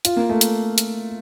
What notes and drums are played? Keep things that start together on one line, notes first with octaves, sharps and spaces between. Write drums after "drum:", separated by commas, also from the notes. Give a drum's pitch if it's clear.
F4, drum: hi-hat
A#3
A3
drum: hi-hat
drum: hi-hat